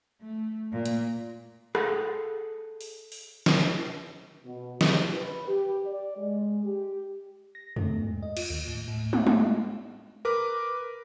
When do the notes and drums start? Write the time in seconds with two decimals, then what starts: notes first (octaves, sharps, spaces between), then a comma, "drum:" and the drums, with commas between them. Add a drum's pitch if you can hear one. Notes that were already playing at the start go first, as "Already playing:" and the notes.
0.21 A3
0.72 A#2
0.86 drum: hi-hat
1.75 G#4 A4 F#5, drum: rim click
2.81 drum: open hi-hat
3.12 drum: open hi-hat
3.46 drum: snare
4.45 B2
4.81 G3, drum: snare
5.14 B4
5.47 G4
5.86 D5
6.17 G#3
6.64 G4
7.55 A#6
7.76 A3, drum: tom
8.02 G#2
8.23 D#5
8.37 F4, drum: cymbal
8.50 D#2
8.68 A2
8.88 A2
9.13 F#6, drum: tom
9.27 drum: tom
10.25 A#4 B4 D6